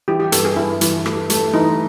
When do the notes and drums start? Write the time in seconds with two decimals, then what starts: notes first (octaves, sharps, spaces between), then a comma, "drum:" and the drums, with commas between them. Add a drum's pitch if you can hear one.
0.08 E3 G4
0.20 G4
0.32 G2 A4, drum: hi-hat
0.45 G#4
0.56 G2 E4
0.81 E3, drum: hi-hat
1.06 A3, drum: rim click
1.30 A3, drum: hi-hat
1.54 E3 D#4